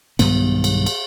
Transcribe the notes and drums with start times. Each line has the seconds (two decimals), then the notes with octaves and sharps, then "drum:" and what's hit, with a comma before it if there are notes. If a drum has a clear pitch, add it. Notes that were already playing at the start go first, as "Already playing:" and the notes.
0.19 B1 G2 D#3 B3, drum: cymbal
0.64 drum: cymbal
0.86 drum: cymbal